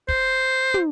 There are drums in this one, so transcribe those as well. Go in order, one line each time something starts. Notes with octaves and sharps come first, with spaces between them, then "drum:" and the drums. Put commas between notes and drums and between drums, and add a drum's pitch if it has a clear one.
C5, drum: kick
drum: tom